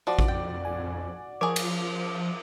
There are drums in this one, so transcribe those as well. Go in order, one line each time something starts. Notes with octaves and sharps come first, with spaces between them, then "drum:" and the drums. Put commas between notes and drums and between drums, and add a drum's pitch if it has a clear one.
F3 F#4 D5
drum: kick A1
F2 G5
G#5
F3 G#4 A#4 C#5 D6
drum: cymbal